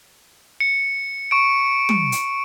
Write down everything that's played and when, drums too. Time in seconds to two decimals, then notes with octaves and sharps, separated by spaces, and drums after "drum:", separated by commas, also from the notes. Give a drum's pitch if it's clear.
0.60 C#7
1.31 C#6 D7
1.89 drum: tom
2.12 drum: hi-hat